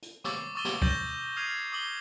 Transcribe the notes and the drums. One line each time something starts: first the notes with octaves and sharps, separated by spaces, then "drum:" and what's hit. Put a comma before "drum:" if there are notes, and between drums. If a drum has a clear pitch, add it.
drum: hi-hat
C#6 D6 E6 A6, drum: snare
C#6 D#6 E6 A6 D#7 G7
drum: snare
G6 A6 A#6 D#7 F#7 G7, drum: kick
D#6 F6 G#6 C7 D#7 F7
D6 D#6 F#7 G7